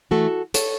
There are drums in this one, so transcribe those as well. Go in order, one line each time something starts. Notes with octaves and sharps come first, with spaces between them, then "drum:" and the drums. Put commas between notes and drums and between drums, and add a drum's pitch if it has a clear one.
E3 A3 F#4 A4
A4 C#5, drum: hi-hat